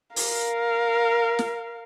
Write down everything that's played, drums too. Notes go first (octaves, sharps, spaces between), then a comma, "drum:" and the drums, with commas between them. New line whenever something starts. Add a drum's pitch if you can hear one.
A#4 F5, drum: open hi-hat
drum: snare